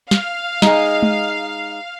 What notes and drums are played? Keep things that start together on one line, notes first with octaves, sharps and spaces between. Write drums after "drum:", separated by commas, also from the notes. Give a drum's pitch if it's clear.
F5, drum: snare
G#3 D#4, drum: snare
drum: tom G#3